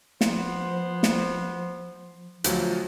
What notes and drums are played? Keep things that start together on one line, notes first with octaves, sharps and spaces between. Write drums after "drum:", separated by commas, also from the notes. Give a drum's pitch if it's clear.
F3 B3 C5, drum: snare
drum: snare
D2 F3 F#3 F4, drum: hi-hat